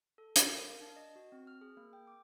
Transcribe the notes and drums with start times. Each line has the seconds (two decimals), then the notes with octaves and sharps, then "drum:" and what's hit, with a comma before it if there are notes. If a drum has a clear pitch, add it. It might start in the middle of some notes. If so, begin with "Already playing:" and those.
0.18 A4
0.36 drum: hi-hat
0.47 A#4
0.60 F5
0.81 D4
0.96 D#5
1.16 F#4
1.32 C4
1.47 F6
1.61 G#4
1.77 A#3
1.93 G5
2.07 D6